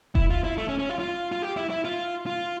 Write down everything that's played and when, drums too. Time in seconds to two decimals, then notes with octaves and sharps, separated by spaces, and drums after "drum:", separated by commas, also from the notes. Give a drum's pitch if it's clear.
0.15 E4, drum: kick E1
0.30 F4
0.44 E4
0.58 A3
0.68 C#4
0.79 C#4
0.89 F4
1.00 F4
1.32 F4
1.42 G4
1.56 E4
1.70 E4
1.84 F4
2.26 F4